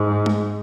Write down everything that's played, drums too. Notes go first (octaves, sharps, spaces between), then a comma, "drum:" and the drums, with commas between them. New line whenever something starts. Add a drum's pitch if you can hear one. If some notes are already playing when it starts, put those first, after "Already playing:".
Already playing: G#2
drum: tom G#3